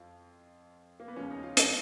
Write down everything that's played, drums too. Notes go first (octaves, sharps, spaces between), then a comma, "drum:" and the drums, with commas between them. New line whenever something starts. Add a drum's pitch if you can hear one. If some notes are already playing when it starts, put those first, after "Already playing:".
Already playing: F2 F4
A#3
B3
D#2 C#3 F3 C#4
D#4
F4
D#4, drum: hi-hat